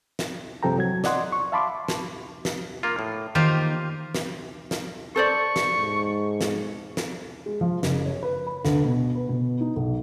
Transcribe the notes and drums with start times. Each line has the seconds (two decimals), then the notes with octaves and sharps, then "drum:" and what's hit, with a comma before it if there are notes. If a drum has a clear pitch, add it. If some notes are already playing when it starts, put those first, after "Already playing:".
0.19 drum: snare
0.63 G2 C3 F3 A4 G5 A#5
0.77 C2 F#3 G#6
1.04 D5 D#5 F#5 C6, drum: snare
1.32 C#6
1.52 E5 F5 A5 B5 C6 D6
1.88 drum: snare
2.45 drum: snare
2.83 A#3 F4
2.99 A2
3.35 D#3 A#3 D#4 F4 G4 C5
4.15 drum: snare
4.71 drum: snare
5.16 A4 C5 D5 C#6
5.56 drum: snare
5.76 G#2
6.41 drum: snare
6.97 drum: snare
7.46 G#3
7.61 F3
7.83 F#1, drum: snare
8.06 C#5
8.23 B4
8.47 B5
8.65 D2, drum: snare
8.85 B2
9.15 B4
9.29 B2
9.61 D#4
9.76 B1